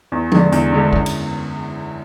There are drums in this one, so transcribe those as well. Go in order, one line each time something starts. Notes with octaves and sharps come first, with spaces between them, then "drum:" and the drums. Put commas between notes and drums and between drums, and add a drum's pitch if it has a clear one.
E2
D3 G#3 D4, drum: tom F3
E2, drum: hi-hat
D3 G#3 D4
F#2, drum: kick
drum: cymbal